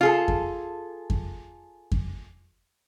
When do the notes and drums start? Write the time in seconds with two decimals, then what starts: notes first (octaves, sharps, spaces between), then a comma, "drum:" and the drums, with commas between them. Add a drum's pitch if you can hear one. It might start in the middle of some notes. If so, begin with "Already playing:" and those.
0.01 F4 G#4 A4
0.28 drum: kick F2
1.10 drum: kick F2
1.92 drum: kick F2